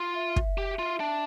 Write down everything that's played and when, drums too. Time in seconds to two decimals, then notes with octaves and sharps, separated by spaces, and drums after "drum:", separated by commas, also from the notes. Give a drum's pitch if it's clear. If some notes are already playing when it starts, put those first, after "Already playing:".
Already playing: F4
0.15 E5
0.36 drum: kick
0.58 G4
0.79 F4
1.00 D4